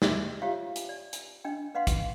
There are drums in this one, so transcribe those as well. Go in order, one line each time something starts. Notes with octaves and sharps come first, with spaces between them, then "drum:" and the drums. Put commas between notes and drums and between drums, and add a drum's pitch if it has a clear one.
G4 A4 D#5 E5 D6, drum: snare
F4 G4 C5 C#5 E5 F5
drum: hi-hat
D5
drum: hi-hat
D4 D#5 G5
B4 D#5 F5 F#5 C6
drum: kick, hi-hat